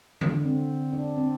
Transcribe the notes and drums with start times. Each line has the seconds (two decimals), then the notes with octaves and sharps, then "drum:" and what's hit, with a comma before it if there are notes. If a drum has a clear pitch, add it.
0.21 D3, drum: tom D3
0.45 C4
0.92 D4
1.17 C4